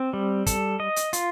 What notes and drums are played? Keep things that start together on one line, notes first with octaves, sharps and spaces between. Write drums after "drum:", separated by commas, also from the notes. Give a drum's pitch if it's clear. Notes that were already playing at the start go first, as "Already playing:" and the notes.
Already playing: C4
G3
A4, drum: kick, hi-hat
D#5
drum: hi-hat
F4, drum: hi-hat